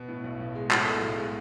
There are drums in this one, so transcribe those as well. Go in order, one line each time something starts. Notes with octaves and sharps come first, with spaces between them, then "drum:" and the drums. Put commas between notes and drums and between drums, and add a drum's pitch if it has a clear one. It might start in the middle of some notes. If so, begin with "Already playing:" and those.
Already playing: B2
A2
B1
B1
G#3
A2 F#4 A4, drum: clap
B1
B1
G#3